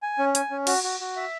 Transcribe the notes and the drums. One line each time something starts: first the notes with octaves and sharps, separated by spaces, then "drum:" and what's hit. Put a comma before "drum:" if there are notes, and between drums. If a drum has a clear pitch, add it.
G#5
C#4
G#5, drum: hi-hat
C#4
F#4, drum: cymbal
F#4
F#4
E5